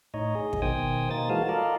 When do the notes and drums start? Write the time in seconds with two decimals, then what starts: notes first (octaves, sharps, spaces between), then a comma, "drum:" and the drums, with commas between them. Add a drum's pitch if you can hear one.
0.14 A2 D#4 C#5 D#5
0.35 G#4 D#5
0.53 drum: kick
0.62 B2 D#3 C5 G5 G#5 D#6
1.11 A#3 D#4 C5 D#6 A6
1.29 E3 G#3 A#3 F#4 F5 A5
1.49 F4 A4 A#4 D5 D#5 F5